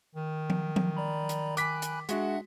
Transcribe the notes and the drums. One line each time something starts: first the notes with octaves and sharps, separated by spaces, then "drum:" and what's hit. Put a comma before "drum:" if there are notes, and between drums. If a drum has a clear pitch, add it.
D#3
drum: tom F3
drum: tom F3
D5 A#5 B5
drum: hi-hat
G#5 B5 D6 F#6 B6, drum: hi-hat
drum: hi-hat
G#3 D4 F#4 E5 F#5, drum: hi-hat